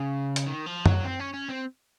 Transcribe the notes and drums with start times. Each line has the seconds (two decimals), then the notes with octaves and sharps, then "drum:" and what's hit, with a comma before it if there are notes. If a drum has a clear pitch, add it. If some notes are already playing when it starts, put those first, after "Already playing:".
Already playing: C#3
0.36 drum: hi-hat
0.47 D#3
0.66 F3
0.86 F#3, drum: tom F#2
1.05 C4
1.20 C#4
1.34 C#4
1.49 C4